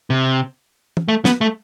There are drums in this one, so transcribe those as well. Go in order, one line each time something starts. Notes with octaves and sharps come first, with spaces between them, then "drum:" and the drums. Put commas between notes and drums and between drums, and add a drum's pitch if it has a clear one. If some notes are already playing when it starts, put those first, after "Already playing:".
C3
drum: tom
A3
B3, drum: snare
A3